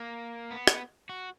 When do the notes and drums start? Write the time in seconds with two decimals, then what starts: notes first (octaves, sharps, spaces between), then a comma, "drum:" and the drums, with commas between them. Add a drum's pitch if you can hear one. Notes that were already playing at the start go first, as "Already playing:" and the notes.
Already playing: A#3
0.51 B3
0.67 drum: rim click
1.09 F#4